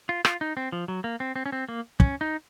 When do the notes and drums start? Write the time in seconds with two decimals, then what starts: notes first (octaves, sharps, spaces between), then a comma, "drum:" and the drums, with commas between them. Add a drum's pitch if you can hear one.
0.09 F4
0.25 F4, drum: rim click
0.41 D#4
0.57 C4
0.72 F3
0.88 F#3
1.04 A#3
1.20 C4
1.36 C4
1.46 C#4
1.52 C4
1.69 A#3
2.00 C#4, drum: kick
2.21 D#4